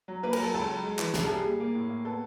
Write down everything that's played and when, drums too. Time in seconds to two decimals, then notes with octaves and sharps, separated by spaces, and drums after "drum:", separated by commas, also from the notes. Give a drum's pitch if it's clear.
0.08 F#3
0.23 A#3 B4
0.33 F#3 A#4, drum: cymbal
0.43 A4
0.54 C#2 A4
0.68 F#3
0.83 G#3
0.99 E3, drum: clap
1.14 C2 G#4, drum: snare
1.24 A4
1.30 G3 G#4
1.44 A#2
1.60 A#3
1.75 A2
1.90 A#3
2.05 B3 A4